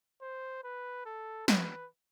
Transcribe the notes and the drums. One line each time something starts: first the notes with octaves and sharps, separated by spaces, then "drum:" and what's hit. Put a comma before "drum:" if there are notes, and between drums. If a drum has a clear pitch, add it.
C5
B4
A4
B4, drum: snare